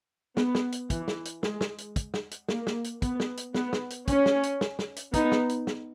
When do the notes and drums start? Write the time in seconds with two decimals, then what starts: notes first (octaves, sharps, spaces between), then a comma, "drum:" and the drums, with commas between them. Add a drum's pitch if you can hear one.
0.37 B3, drum: snare
0.55 drum: snare
0.72 drum: hi-hat
0.90 E3, drum: kick, hi-hat
1.08 drum: snare
1.25 drum: hi-hat
1.43 G#3, drum: snare
1.61 drum: snare
1.78 drum: hi-hat
1.96 drum: kick, hi-hat
2.14 drum: snare
2.31 drum: hi-hat
2.49 A#3, drum: snare
2.67 drum: snare
2.84 drum: hi-hat
3.02 B3, drum: kick, hi-hat
3.20 drum: snare
3.37 drum: hi-hat
3.55 B3, drum: snare
3.73 drum: snare
3.90 drum: hi-hat
4.08 C#4, drum: kick, hi-hat
4.26 drum: snare
4.43 drum: hi-hat
4.61 drum: snare
4.79 drum: snare
4.96 drum: hi-hat
5.14 B3 D#4, drum: kick, hi-hat
5.32 drum: snare
5.49 drum: hi-hat
5.67 drum: snare